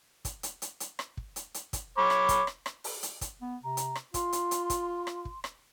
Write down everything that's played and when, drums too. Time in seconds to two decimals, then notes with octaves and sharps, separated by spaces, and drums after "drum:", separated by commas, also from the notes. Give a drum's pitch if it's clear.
0.25 drum: kick, hi-hat
0.43 drum: hi-hat
0.62 drum: hi-hat
0.80 drum: hi-hat
0.99 drum: rim click
1.17 drum: kick
1.36 drum: hi-hat
1.54 drum: hi-hat
1.73 drum: kick, hi-hat
1.98 C#5 B5 D6
2.10 drum: rim click
2.29 drum: kick, hi-hat
2.47 drum: rim click
2.66 drum: rim click
2.84 drum: open hi-hat
3.03 drum: hi-hat
3.21 drum: kick, hi-hat
3.42 B3
3.63 C3 A#5
3.77 drum: hi-hat
3.95 drum: rim click
4.14 F4 C6, drum: kick, hi-hat
4.33 drum: hi-hat
4.51 drum: hi-hat
4.70 drum: kick, hi-hat
5.07 drum: rim click
5.25 drum: kick
5.44 drum: rim click